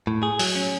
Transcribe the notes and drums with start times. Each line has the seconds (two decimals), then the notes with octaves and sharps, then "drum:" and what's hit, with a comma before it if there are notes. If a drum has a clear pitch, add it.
0.07 A2
0.23 G#4
0.39 F#3, drum: open hi-hat
0.56 C#4